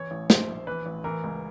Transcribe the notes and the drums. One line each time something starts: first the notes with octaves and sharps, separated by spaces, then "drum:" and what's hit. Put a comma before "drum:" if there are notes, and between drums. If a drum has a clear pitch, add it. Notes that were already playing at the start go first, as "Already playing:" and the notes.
Already playing: E3 C#5
A1
A#1 C5, drum: snare
A#1
E3 B4
A1
E3 A#4
C#2